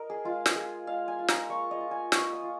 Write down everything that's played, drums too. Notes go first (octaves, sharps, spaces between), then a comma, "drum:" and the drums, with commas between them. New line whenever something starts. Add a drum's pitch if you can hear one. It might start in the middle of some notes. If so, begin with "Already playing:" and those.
Already playing: A#4 D#5
G#4
G#3 F4
drum: snare
F4 G#4
G#3 F5
G#5
F4
A#5, drum: snare
A#3 C#6
D#5
F4
G#5
A#3 C#6, drum: snare
D#6
F4